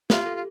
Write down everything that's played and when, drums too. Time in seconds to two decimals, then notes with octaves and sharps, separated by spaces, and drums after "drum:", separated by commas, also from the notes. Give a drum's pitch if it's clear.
0.10 F4 G4, drum: snare
0.26 A4
0.35 F4